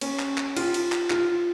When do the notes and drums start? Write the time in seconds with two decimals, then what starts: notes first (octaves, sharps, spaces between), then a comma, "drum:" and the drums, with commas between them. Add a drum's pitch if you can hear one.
0.01 C#4, drum: cymbal
0.20 drum: clap
0.38 drum: clap
0.57 F4, drum: cymbal
0.74 drum: cymbal
0.92 drum: clap
1.10 F4, drum: clap